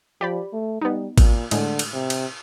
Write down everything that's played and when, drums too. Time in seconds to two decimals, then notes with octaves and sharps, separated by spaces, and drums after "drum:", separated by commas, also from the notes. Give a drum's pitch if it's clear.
0.21 F3 G4 D5 B5
0.53 A3
0.81 G3 B3 D#4
1.18 A#2, drum: kick G#1, cymbal
1.51 A2 D3 G#3, drum: cymbal
1.79 drum: cymbal
1.93 C3
2.10 drum: cymbal